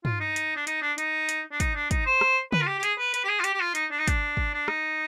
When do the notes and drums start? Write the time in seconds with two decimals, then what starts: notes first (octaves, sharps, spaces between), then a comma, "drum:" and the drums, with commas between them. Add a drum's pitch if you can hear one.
0.05 F4, drum: tom
0.20 D#4
0.36 drum: hi-hat
0.57 D4
0.67 D#4, drum: hi-hat
0.82 D4
0.98 D#4, drum: hi-hat
1.29 drum: hi-hat
1.52 D4
1.60 D#4, drum: kick, hi-hat
1.76 D4
1.91 D#4, drum: kick, hi-hat
2.06 C5
2.21 drum: rim click
2.52 B4, drum: tom C#3
2.61 F4
2.67 G4
2.79 G4
2.83 G#4, drum: hi-hat
2.99 B4
3.14 B4, drum: hi-hat
3.24 G4
3.29 G#4
3.40 F4
3.44 G4, drum: hi-hat
3.54 G4
3.60 F4
3.75 D#4, drum: hi-hat
3.91 D4
3.99 D#4
4.08 D4, drum: kick, hi-hat
4.37 drum: kick
4.54 D4
4.68 D#4, drum: rim click